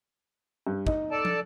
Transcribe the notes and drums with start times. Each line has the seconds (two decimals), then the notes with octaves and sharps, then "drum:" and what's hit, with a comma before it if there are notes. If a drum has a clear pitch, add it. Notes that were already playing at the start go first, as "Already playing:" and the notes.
0.67 G2
0.87 D#4, drum: kick
1.11 A4 D5 A5
1.25 drum: tom